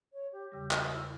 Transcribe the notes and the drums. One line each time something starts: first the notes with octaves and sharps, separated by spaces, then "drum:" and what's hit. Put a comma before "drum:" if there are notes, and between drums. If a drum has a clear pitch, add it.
C#5
G4
E2 C#3 G3 G4
F#4, drum: clap
E4